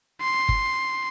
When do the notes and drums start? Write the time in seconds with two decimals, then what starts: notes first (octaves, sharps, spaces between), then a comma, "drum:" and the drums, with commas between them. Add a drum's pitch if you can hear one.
0.21 C6
0.49 drum: kick G1